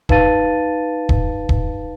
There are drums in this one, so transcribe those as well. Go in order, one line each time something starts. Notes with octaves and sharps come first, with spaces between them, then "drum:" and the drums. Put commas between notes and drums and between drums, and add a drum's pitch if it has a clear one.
D#4 B4 F5 A5 A6 D#7, drum: kick
drum: kick
drum: kick